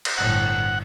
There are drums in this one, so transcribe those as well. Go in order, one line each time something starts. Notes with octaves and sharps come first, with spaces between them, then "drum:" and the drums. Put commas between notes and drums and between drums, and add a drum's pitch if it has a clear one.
drum: cymbal
G1 A2 F#5